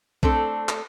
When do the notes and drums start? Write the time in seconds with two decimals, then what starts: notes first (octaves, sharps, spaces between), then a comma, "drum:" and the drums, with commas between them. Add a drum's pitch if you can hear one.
0.23 A3 C4 D4 A4, drum: kick B1
0.69 drum: clap